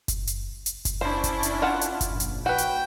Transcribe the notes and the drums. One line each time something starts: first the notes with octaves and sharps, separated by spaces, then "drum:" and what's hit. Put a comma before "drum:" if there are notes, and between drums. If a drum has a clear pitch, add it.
drum: kick F#1, hi-hat
drum: hi-hat
drum: hi-hat
drum: kick F#1, hi-hat
C#4 D4 E4 C5
drum: kick F#1, hi-hat
drum: hi-hat
F4 F#5 A5
drum: hi-hat
drum: kick F#1, hi-hat
A#1
drum: hi-hat
F#4 B4 G5
drum: hi-hat